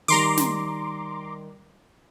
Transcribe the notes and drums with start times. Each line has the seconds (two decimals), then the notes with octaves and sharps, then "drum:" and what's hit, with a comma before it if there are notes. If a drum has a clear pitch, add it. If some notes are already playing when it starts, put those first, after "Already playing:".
0.08 D#3 G3 A#5 C6 D6, drum: open hi-hat
0.38 drum: snare